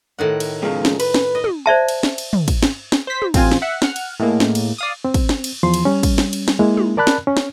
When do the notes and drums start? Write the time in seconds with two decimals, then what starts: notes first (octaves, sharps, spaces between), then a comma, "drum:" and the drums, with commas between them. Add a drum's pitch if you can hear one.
0.19 A2 D#3 F#5
0.40 drum: cymbal
0.63 C#3 F3 G#3
0.85 drum: snare
1.00 B4, drum: cymbal
1.14 drum: snare
1.35 D#5
1.44 drum: tom
1.66 C5 D5 E5 A5
1.88 drum: cymbal
2.03 drum: snare
2.18 drum: cymbal
2.33 drum: tom
2.48 drum: kick, cymbal
2.63 drum: snare
2.92 drum: snare
3.07 C5 B6
3.22 drum: tom
3.34 A1 C4 F4 G#5, drum: kick, cymbal
3.51 drum: snare
3.62 E5 F#5
3.82 F#5 F6, drum: snare
3.96 drum: cymbal
4.20 A2 G#3 A#3
4.40 drum: snare
4.55 drum: cymbal
4.78 D5 F5 D#6
5.05 C4
5.14 drum: kick, cymbal
5.29 drum: snare
5.44 drum: cymbal
5.63 E2 F3 C6
5.74 drum: cymbal
5.85 G3 C#4
6.03 drum: kick, cymbal
6.18 drum: snare
6.33 drum: cymbal
6.48 drum: snare
6.59 G#3 A#3 E4
6.77 drum: tom
6.97 A#4 D5 A5 B5 F#6
7.07 drum: snare
7.27 C#4
7.37 drum: snare